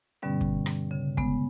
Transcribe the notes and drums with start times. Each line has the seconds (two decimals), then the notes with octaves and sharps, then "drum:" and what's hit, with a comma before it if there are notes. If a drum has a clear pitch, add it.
0.22 G2 B2 D3 G3 B3 C#4
0.41 drum: kick
0.66 drum: rim click
0.91 C#3
1.17 G#3 B3, drum: kick